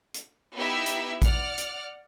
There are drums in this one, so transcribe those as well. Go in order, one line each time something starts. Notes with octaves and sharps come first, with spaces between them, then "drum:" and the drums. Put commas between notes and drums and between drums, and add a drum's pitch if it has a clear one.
drum: hi-hat
B3 D#4 E4 G4 E5
drum: hi-hat
D5 F#5 F6, drum: kick A1, hi-hat
drum: hi-hat